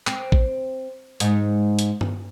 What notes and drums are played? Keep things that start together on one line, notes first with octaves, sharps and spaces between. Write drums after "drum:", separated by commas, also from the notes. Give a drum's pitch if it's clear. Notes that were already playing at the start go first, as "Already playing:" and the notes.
C4, drum: clap
drum: kick A1
G#2, drum: hi-hat
drum: hi-hat
drum: tom G2